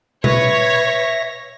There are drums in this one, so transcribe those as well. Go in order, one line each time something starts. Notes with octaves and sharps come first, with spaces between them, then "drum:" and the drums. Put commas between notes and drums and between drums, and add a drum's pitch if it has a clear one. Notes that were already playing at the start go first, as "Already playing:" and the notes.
B4 C#5 E5 A#6, drum: tom B2